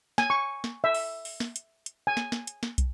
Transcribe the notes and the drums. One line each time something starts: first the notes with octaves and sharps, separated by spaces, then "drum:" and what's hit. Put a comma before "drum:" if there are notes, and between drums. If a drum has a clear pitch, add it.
G#5, drum: snare
C#6
drum: snare
E5
drum: open hi-hat
drum: open hi-hat
drum: snare
drum: hi-hat
drum: hi-hat
G#5
drum: snare
drum: snare
drum: hi-hat
drum: snare
drum: kick, hi-hat